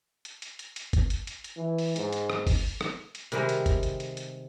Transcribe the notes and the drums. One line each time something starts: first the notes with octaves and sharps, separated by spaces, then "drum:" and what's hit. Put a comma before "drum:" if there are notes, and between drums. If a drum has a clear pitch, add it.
drum: hi-hat
drum: hi-hat
drum: hi-hat
drum: hi-hat
drum: kick, hi-hat
drum: hi-hat
drum: hi-hat
drum: hi-hat
E3
drum: open hi-hat
G#2, drum: hi-hat
drum: hi-hat
drum: rim click
drum: kick, open hi-hat
drum: rim click
drum: hi-hat
C3 D#3 G3 G#3, drum: hi-hat
drum: hi-hat
drum: kick, hi-hat
drum: hi-hat
drum: hi-hat
drum: hi-hat